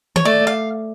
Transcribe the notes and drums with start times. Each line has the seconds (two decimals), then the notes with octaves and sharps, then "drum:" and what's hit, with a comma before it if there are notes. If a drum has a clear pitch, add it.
0.16 C#5, drum: tom D#3
0.25 A3 D5
0.47 F5